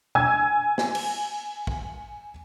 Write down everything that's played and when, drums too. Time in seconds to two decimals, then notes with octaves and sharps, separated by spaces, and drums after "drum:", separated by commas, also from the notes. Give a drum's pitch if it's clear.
0.15 G#5 E6 G#6, drum: tom B2
0.78 drum: snare
0.95 drum: cymbal
1.67 drum: kick